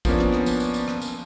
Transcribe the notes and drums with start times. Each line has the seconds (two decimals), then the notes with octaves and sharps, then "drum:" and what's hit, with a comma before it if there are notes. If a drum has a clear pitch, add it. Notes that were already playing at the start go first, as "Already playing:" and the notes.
0.05 F3 A#3 B3 C#4 D4, drum: kick, tambourine
0.19 drum: rim click
0.33 drum: rim click
0.46 drum: tambourine
0.60 drum: tambourine
0.74 drum: tambourine
0.88 drum: rim click
1.02 drum: tambourine